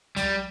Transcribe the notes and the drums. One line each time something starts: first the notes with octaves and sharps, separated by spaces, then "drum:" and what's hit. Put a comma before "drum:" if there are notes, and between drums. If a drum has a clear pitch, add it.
G3, drum: kick, hi-hat